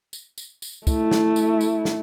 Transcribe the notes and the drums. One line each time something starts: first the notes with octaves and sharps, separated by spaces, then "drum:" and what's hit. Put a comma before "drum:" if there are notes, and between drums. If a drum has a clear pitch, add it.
drum: tambourine
drum: tambourine
drum: tambourine
A3 E4, drum: kick, tambourine
drum: snare
drum: tambourine
drum: tambourine
drum: snare